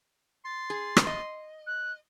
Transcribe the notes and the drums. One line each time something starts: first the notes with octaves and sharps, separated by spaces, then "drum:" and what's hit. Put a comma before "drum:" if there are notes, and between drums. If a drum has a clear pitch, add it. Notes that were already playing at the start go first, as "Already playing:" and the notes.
C6 A6
G#4
drum: rim click
D#5
F#6